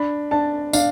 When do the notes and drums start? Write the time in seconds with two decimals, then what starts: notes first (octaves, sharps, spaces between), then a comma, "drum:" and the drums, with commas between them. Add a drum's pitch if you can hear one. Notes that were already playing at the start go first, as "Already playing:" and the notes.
Already playing: D4 B5
0.31 D4 A5
0.73 D4 F5, drum: tambourine